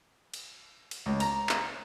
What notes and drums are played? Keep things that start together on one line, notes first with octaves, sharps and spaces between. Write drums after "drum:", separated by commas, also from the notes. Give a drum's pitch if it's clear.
drum: cymbal
drum: cymbal
C#2
A#5, drum: cymbal
drum: clap